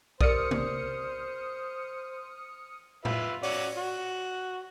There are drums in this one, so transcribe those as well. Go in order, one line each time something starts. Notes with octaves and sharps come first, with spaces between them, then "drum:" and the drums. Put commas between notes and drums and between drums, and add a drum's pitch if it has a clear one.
G4 A#4 C5 D5 D#6 F6 C#7, drum: kick B1
drum: tom
F4 B4 E5, drum: tom A2
C#4 F#4 D5, drum: open hi-hat
F#4